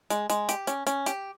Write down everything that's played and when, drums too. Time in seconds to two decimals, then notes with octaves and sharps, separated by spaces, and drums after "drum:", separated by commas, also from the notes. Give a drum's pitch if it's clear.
0.10 G#3, drum: hi-hat
0.30 G#3, drum: hi-hat
0.49 G4, drum: hi-hat
0.67 C#4, drum: hi-hat
0.87 C#4, drum: hi-hat
1.06 G4, drum: hi-hat